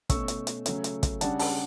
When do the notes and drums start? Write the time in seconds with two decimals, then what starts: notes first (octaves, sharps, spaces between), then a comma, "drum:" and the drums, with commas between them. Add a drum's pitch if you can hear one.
0.09 B2 A3 C#4 C#6 E6, drum: kick, hi-hat
0.28 drum: hi-hat
0.47 drum: hi-hat
0.66 C#3 F#3 A3 C#4, drum: hi-hat
0.84 drum: hi-hat
1.03 drum: kick, hi-hat
1.21 C#3 G3 D4 F#5 A5, drum: hi-hat
1.39 F#5 A5, drum: open hi-hat